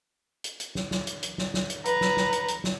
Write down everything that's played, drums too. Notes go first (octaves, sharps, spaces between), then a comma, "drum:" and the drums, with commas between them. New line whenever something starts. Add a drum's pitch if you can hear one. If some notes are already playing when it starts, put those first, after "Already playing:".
drum: hi-hat
drum: hi-hat
drum: snare
drum: snare
drum: hi-hat
drum: hi-hat
drum: snare
drum: snare
drum: hi-hat
B4 A#5, drum: hi-hat
drum: snare
drum: snare
drum: hi-hat
drum: hi-hat
drum: snare